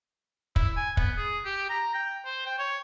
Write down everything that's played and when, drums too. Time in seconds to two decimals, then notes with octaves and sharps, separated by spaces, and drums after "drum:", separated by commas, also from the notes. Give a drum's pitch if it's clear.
0.56 E4, drum: kick
0.77 G#5
0.97 B3, drum: kick
1.17 G#4
1.45 G4
1.70 A#5
1.94 G5
2.26 C5
2.46 G5
2.59 C#5